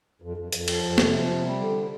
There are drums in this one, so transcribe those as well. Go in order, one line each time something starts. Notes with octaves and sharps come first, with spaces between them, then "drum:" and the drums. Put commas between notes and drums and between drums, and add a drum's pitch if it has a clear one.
F2
F2
F2, drum: hi-hat
F3, drum: cymbal
F2
C3, drum: snare
F3
C3
G3
D3